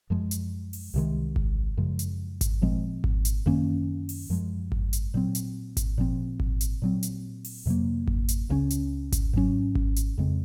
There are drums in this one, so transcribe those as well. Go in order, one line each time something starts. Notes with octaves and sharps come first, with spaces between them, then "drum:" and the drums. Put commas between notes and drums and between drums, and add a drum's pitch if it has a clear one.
F#2 F3 G#3
drum: hi-hat
drum: open hi-hat
C2 C3 D#3 G#3
drum: kick G#1
F#2 C#3 F3 G#3
drum: hi-hat
drum: kick G#1, hi-hat
A#2 F3 G#3 C4
drum: kick G#1
drum: hi-hat
F#2 D#3 A#3 C#4
drum: open hi-hat
F#2 F3 G#3
drum: kick G#1
drum: hi-hat
A#2 F#3 C4
drum: hi-hat
drum: kick G#1, hi-hat
A#2 F3 C4
drum: kick G#1
drum: hi-hat
A#2 F#3 C4
drum: hi-hat
drum: open hi-hat
F2 C3 F#3 A#3
drum: kick G#1
drum: hi-hat
C#2 C#3 F#3 C#4
drum: hi-hat
drum: kick G#1, hi-hat
G#2 F#3 C#4
drum: kick G#1
drum: hi-hat
F2 C#3 G#3 C4